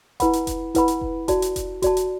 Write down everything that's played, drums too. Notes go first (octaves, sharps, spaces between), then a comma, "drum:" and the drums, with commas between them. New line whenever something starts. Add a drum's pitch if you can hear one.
E4 B4 F#5 B5, drum: kick F1, hi-hat
drum: hi-hat
drum: kick F1, hi-hat
E4 B4 F#5 B5, drum: kick F1, hi-hat
drum: hi-hat
drum: kick F1
F#4 D5 A5, drum: kick F1, hi-hat
drum: hi-hat
drum: kick F1, hi-hat
F#4 D5 A5, drum: kick F1, hi-hat
drum: hi-hat